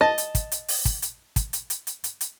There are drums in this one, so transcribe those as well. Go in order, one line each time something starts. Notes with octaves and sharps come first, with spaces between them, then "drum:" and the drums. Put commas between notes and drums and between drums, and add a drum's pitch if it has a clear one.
D#5 A5
drum: hi-hat
drum: kick, hi-hat
drum: hi-hat
drum: open hi-hat
drum: kick, hi-hat
drum: hi-hat
drum: kick, hi-hat
drum: hi-hat
drum: hi-hat
drum: hi-hat
drum: hi-hat
drum: hi-hat